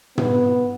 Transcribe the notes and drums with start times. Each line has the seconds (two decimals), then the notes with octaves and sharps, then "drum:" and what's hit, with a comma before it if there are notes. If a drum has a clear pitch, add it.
0.18 B3, drum: tom